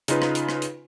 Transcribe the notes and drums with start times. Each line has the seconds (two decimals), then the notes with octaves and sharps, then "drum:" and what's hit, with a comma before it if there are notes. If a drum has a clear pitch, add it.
0.08 C#3 D#4 F4 B4, drum: hi-hat
0.22 drum: rim click
0.35 drum: hi-hat
0.49 drum: rim click
0.62 drum: hi-hat